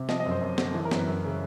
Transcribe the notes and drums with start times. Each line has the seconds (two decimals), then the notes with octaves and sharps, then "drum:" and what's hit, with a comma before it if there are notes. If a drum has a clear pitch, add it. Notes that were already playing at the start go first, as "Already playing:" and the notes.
Already playing: C3
0.09 F3 D#5, drum: snare
0.20 D#5
0.25 F#2
0.31 C5
0.41 F#2
0.58 D3, drum: snare
0.74 E3
0.85 A#4
0.91 F#2 B4, drum: snare
1.07 F#2
1.25 C#3